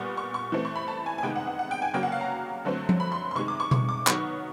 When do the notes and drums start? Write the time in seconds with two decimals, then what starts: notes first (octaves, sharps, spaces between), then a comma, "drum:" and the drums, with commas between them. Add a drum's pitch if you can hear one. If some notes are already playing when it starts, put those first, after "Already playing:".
Already playing: A#2 G3 B3 C#6
0.17 C#6
0.34 C#6
0.52 E3 A3 C4
0.65 C#6
0.76 B5
0.88 A5
1.06 G#5
1.18 G#5
1.23 C3 D#3 G#3 B3 G5
1.36 F#5
1.47 F#5
1.59 F#5
1.71 G5
1.82 G#5
1.94 C#3 F#3 A#3 G5
2.03 F#5
2.12 F5
2.21 A#5
2.65 D3 F#3 A3 C4
2.89 drum: tom F3
3.00 B5
3.12 C6
3.31 C6
3.35 C3 D#3 G#3 C#6
3.48 D6
3.60 C#6
3.71 C#6, drum: tom B2
3.89 D6
4.07 D#3 F#3 B3 C#6, drum: clap